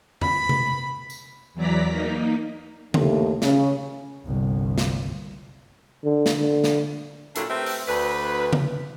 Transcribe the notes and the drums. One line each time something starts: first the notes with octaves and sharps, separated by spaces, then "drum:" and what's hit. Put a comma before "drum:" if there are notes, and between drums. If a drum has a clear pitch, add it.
B5, drum: tom F2
drum: tom C3
drum: tambourine
E2 E3 F#3 D5 A#5 B6
A#3 D#4
G1 D#2 A3 A4, drum: tom C#3
C#3, drum: snare
G1 C2
drum: snare
D3
drum: snare
D3
drum: snare
A#2 F#3 D4 E4 A4, drum: hi-hat
A3 C4 G4 A#4 B4 E5
drum: open hi-hat
D2 B4
drum: tom C#3